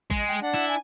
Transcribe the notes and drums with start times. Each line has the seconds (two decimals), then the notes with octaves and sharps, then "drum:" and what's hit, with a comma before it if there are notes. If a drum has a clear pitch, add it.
0.10 G#3, drum: kick A#1
0.28 G5
0.42 D4 F#5
0.54 E4
0.68 G#5